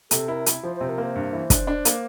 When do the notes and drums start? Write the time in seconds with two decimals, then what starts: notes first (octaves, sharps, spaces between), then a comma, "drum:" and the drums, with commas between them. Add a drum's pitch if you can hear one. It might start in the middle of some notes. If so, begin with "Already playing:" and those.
0.11 C3 A4, drum: hi-hat
0.28 E4 A#4
0.46 E4, drum: hi-hat
0.63 F3 C5
0.76 C3 C5
0.89 A#4
0.98 A#3 C5
1.15 G2
1.33 E3
1.50 D4, drum: kick, hi-hat
1.67 D4
1.85 A#3, drum: hi-hat